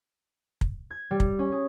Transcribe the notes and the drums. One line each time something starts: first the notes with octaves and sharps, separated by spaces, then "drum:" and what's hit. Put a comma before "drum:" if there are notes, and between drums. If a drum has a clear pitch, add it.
drum: kick
G#6
G3
drum: kick
C#4
G#4